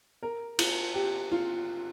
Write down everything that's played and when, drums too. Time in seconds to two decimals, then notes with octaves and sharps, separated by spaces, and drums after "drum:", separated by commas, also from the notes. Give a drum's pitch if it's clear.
0.23 A#4
0.59 F4, drum: cymbal
0.94 G4
1.31 F4